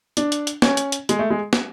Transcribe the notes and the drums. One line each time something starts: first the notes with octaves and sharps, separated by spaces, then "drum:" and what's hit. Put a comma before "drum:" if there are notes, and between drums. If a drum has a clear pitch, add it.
D4, drum: hi-hat
drum: hi-hat
drum: hi-hat
C#4, drum: snare
drum: hi-hat
drum: hi-hat
G#3, drum: hi-hat
A3
G#3
drum: snare